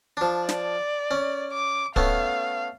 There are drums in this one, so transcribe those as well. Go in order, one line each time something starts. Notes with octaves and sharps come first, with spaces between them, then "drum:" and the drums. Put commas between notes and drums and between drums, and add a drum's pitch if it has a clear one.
F3 D4
D5, drum: snare
C#4
D6
A3 B3 C#4 F5, drum: kick